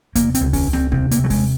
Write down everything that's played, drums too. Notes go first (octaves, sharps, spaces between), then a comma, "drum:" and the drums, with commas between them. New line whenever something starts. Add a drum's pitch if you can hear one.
C3 A#3, drum: kick D#2, hi-hat
C4, drum: hi-hat
C#2
C#4, drum: kick D#2, open hi-hat
C#2
C4, drum: snare A#3
C3 C4, drum: kick D#2
A#3, drum: hi-hat
C3
F#3
G#3, drum: kick D#2, open hi-hat